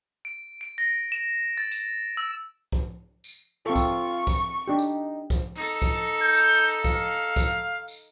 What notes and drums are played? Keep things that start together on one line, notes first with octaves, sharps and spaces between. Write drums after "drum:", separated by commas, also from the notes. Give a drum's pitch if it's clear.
D7
D7
A#6
E7
A6
E7, drum: tambourine
E6
drum: kick C2
drum: tambourine
C4 F4 A4 C#6
drum: kick C2, tambourine
drum: kick C2, tambourine
D4 D#4 G4
drum: tambourine
drum: kick C2, tambourine
D#4 A4
drum: kick C2, tambourine
G6
drum: tambourine
F5, drum: kick C2, tambourine
drum: kick C2, tambourine
drum: tambourine